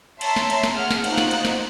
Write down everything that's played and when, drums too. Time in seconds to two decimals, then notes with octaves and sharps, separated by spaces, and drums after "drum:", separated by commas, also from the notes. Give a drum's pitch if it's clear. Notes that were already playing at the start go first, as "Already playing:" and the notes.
0.21 C#5 E5 A5 A#5 C6, drum: cymbal
0.36 drum: snare
0.50 drum: cymbal
0.63 drum: snare
0.73 G#4 F#5 F6
0.91 drum: snare
1.04 D#4 F4 F#4 C5 F#6, drum: cymbal
1.18 drum: snare
1.31 drum: cymbal
1.45 drum: snare